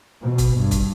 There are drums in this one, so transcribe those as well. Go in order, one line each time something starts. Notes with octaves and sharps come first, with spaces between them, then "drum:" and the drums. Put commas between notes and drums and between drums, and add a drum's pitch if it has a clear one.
B2
drum: kick, hi-hat
G2
drum: kick, hi-hat